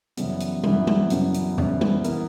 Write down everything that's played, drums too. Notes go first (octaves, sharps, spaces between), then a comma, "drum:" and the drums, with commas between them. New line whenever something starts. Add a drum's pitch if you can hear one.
F#2 C#3 E3 G3 B3, drum: hi-hat
drum: hi-hat
F#2 C#3 E3 G3 B3, drum: tom G3
drum: tom G3
F#2 C#3 E3 G3 B3, drum: hi-hat
drum: hi-hat
F#2 C#3 E3 G3 B3, drum: tom E2
drum: tom G3
E3 B3 E4 A#4, drum: hi-hat